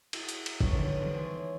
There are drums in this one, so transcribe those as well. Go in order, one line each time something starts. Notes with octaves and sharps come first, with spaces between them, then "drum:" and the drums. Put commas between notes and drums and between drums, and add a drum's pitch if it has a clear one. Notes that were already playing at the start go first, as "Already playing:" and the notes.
E4 F#4 G#4 D#5 E5, drum: cymbal
drum: hi-hat
drum: cymbal
B4 C#5, drum: kick
F2 D3 D#3 G#3 B3
E3 G3 C4 E4 A4 C5
C#5 G#5 C6